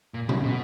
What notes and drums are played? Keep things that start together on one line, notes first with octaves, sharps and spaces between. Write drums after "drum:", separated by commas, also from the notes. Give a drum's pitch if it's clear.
A#2
C#3, drum: tom A#2
B2